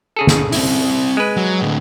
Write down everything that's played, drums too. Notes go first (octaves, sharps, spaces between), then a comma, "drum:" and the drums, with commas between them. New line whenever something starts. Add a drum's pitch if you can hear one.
C#3 G#4 A4
drum: snare
C4 E4, drum: open hi-hat
G#3 B4
F#3
A2 D3